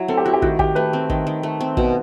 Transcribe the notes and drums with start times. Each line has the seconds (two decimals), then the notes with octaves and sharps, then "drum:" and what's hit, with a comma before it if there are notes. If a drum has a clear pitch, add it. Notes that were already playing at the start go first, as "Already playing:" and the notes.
Already playing: F#3 E4
0.08 C4 A4
0.17 G4
0.25 E4 F#4
0.33 G4
0.42 D#3 F#4, drum: kick
0.59 D#3 G4, drum: kick
0.75 A3 B4
0.93 C4
1.10 D#3, drum: kick
1.27 D#3
1.43 A3
1.61 C4
1.77 B2, drum: kick